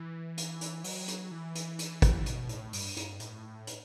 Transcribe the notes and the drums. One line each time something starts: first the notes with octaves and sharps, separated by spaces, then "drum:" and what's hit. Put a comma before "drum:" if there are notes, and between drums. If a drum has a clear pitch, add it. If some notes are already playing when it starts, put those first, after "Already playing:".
Already playing: E3
drum: hi-hat
drum: hi-hat
F#3, drum: open hi-hat
drum: hi-hat
E3
drum: hi-hat
drum: hi-hat
drum: kick, hi-hat
B2, drum: hi-hat
A2, drum: hi-hat
G2, drum: open hi-hat
G2, drum: hi-hat
A2, drum: hi-hat
drum: hi-hat